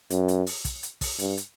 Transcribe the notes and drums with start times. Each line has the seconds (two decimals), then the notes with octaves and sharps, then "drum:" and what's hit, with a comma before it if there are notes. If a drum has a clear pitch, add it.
0.10 F#2, drum: hi-hat
0.28 drum: hi-hat
0.46 drum: open hi-hat
0.65 drum: kick, hi-hat
0.83 drum: hi-hat
1.01 drum: kick, open hi-hat
1.19 G2, drum: hi-hat
1.37 drum: hi-hat